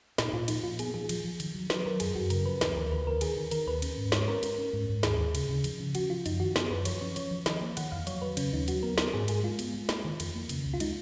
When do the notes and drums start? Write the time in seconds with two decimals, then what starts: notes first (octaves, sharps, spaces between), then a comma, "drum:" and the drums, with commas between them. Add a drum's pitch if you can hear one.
0.18 A#2 D#4, drum: snare
0.33 A#2 F4
0.48 F3 D#4, drum: cymbal
0.63 A#2 F4
0.79 B3 G#4, drum: cymbal
0.94 F3 G#4
1.09 F3, drum: cymbal
1.24 F3
1.40 D#3, drum: cymbal
1.55 F#3
1.70 F#3 B4, drum: snare
1.85 F#3 A#4
2.00 F#2 G#4, drum: cymbal
2.15 F#2 F#4
2.30 C#3 A#4, drum: cymbal
2.46 F3 B4
2.61 D#2 B4, drum: snare
2.76 D#2 A#4
2.91 D#2 B4
3.07 D#2 A#4
3.21 D#3 G#4, drum: cymbal
3.36 D#3
3.51 D#3 A#4, drum: cymbal
3.67 D#2 B4
3.82 C#4, drum: cymbal
3.98 G#2
4.12 G#3 C#5, drum: snare
4.28 C#4 A#4
4.43 C#4, drum: cymbal
4.58 C#4
4.73 G#2
4.89 G#2
5.03 D#2 G#4, drum: snare
5.19 D#2
5.35 C#3, drum: cymbal
5.49 C#3
5.64 F3, drum: cymbal
5.80 C#3
5.95 F3 F#4, drum: cymbal
6.10 F3 F4
6.26 F#2 D#4, drum: cymbal
6.40 D#3 F#4
6.56 B3 G#4, drum: snare
6.70 F#2 B4
6.85 F3 C#5, drum: cymbal
7.01 C#4 C#5
7.16 F3 C#5, drum: cymbal
7.31 F3
7.46 D#3 D#5, drum: snare
7.61 A#3
7.77 D#3 F#5, drum: cymbal
7.92 F2 F5
8.07 F#3 C#5, drum: cymbal
8.22 F#3 B4
8.37 C#3 C#4, drum: cymbal
8.53 D#2 D#4
8.68 F#3 F#4, drum: cymbal
8.83 B3 A#4
8.98 B3 A#4, drum: snare
9.13 G#2 G#4
9.28 G#3 G#4, drum: cymbal
9.43 G#3 F4
9.59 B3, drum: cymbal
9.74 G#3
9.89 A#3, drum: snare
10.05 D#3
10.20 F2, drum: cymbal
10.35 A#3
10.49 C#3, drum: cymbal
10.65 C#2
10.74 F4
10.80 G#3 D#4, drum: cymbal